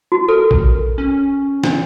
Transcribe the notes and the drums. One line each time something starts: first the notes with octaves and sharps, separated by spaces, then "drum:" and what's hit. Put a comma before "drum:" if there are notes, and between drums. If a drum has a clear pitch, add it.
F#4
A4 A#4
drum: kick A#1
C#4
D4, drum: snare